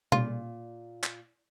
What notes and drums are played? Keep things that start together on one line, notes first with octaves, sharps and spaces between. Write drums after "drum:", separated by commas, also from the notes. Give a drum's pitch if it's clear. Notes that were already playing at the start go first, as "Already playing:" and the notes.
A#2 F4, drum: tom B2
drum: clap